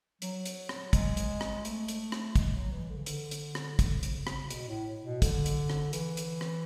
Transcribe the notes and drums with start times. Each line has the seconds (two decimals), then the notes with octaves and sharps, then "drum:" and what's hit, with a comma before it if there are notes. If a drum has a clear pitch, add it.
0.22 F#3, drum: hi-hat
0.46 drum: hi-hat
0.69 drum: rim click
0.93 G#3, drum: kick, hi-hat
1.17 drum: hi-hat
1.41 drum: rim click
1.65 A3, drum: hi-hat
1.88 drum: hi-hat
2.12 drum: rim click
2.36 G#3, drum: kick, hi-hat
2.54 F#3
2.72 E3
2.90 D3
2.98 C#3
3.06 D3, drum: hi-hat
3.31 drum: hi-hat
3.55 drum: rim click
3.79 C#3, drum: kick, hi-hat
4.03 drum: hi-hat
4.27 drum: rim click
4.50 B2, drum: hi-hat
4.68 A2
5.04 B2
5.22 D3, drum: kick, hi-hat
5.46 drum: hi-hat
5.70 drum: rim click
5.93 E3, drum: hi-hat
6.17 drum: hi-hat
6.41 drum: rim click